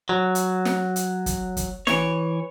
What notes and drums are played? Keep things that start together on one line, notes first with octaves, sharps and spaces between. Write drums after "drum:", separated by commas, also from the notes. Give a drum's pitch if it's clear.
F#3
drum: hi-hat
drum: snare
drum: hi-hat
drum: kick, hi-hat
drum: kick, hi-hat
E3 C#5, drum: snare